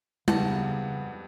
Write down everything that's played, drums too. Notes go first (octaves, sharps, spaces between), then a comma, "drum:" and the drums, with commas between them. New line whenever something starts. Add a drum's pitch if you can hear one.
F2 C#3 G3 B3 F#4 A5 A#5, drum: tom G3